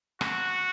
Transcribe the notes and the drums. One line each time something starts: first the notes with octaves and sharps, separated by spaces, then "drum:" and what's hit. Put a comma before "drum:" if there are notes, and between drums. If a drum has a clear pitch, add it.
F#4, drum: rim click